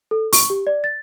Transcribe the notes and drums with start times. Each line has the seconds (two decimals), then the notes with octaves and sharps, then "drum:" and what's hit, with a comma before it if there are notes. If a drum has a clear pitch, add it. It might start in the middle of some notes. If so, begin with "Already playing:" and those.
0.11 A4
0.33 C#6, drum: open hi-hat
0.50 G4
0.67 D5
0.84 A6